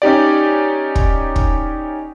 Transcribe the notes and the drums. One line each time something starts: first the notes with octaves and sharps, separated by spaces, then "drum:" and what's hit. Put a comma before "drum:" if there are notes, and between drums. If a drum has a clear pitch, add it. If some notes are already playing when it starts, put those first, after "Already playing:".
C#4 D#4 G4 D5
drum: kick
drum: kick